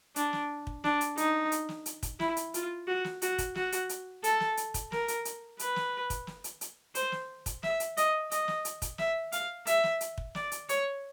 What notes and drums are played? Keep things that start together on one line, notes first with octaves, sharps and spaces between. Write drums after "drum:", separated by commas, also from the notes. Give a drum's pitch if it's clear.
D4, drum: hi-hat
drum: snare
drum: kick
D4, drum: snare
drum: hi-hat
D#4, drum: hi-hat
drum: hi-hat
drum: snare
drum: hi-hat
drum: kick, hi-hat
E4, drum: snare
drum: hi-hat
F4, drum: hi-hat
F#4
drum: snare
F#4, drum: hi-hat
drum: kick, hi-hat
F#4, drum: snare
drum: hi-hat
drum: hi-hat
A4, drum: hi-hat
drum: snare
drum: hi-hat
drum: kick, hi-hat
A#4, drum: snare
drum: hi-hat
drum: hi-hat
B4, drum: hi-hat
drum: snare
drum: kick, hi-hat
drum: snare
drum: hi-hat
drum: hi-hat
C5, drum: hi-hat
drum: snare
drum: kick, hi-hat
E5, drum: snare
drum: hi-hat
D#5, drum: hi-hat
D#5, drum: hi-hat
drum: snare
drum: hi-hat
drum: kick, hi-hat
E5, drum: snare
F5, drum: hi-hat
E5, drum: hi-hat
drum: snare
drum: hi-hat
drum: kick
D5, drum: snare
drum: hi-hat
C#5, drum: hi-hat